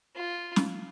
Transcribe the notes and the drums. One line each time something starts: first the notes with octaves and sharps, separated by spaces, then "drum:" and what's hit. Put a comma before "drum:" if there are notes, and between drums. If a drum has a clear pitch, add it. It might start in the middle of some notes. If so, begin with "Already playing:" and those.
F4
drum: snare